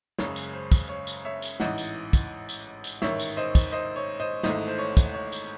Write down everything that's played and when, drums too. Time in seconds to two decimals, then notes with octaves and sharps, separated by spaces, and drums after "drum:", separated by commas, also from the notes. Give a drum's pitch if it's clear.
0.18 F#1 F#2 C#3 G#3 C#5, drum: snare
0.36 drum: tambourine
0.53 C5
0.72 drum: kick, tambourine
0.89 C#5
1.07 drum: tambourine
1.25 C#5 E5
1.42 drum: tambourine
1.60 A1 G#2 E3 D#5 F#5, drum: snare
1.78 drum: tambourine
2.13 drum: kick, tambourine
2.49 drum: tambourine
2.84 drum: tambourine
3.02 A1 G#2 D#3 C#5 E5, drum: snare
3.20 drum: tambourine
3.37 C5 D#5
3.55 drum: kick, tambourine
3.72 C5 D#5
3.96 C#5
4.20 C5 D#5
4.43 G#1 G#2 E3 A3 C5 D#5, drum: snare
4.68 C5
4.78 C#5
4.97 drum: kick, tambourine
5.14 C#5
5.32 drum: tambourine